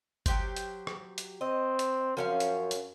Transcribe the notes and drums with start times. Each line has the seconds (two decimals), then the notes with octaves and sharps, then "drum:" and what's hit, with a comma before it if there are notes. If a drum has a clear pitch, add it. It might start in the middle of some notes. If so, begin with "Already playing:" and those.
0.26 F#3 G4 C5, drum: kick G1, hi-hat
0.56 drum: hi-hat
0.87 drum: rim click
1.18 drum: hi-hat
1.41 C4 D#5
1.79 drum: hi-hat
2.17 F#2 F3 C#4 F5
2.40 drum: hi-hat
2.71 drum: hi-hat